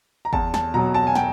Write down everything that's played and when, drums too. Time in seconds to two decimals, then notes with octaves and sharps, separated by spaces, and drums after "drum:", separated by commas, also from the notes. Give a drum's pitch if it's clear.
0.25 A#5
0.33 E2 A5, drum: kick
0.54 A5, drum: snare
0.74 B2 F#3 A#5
0.94 A5
1.07 G#5
1.15 G5, drum: snare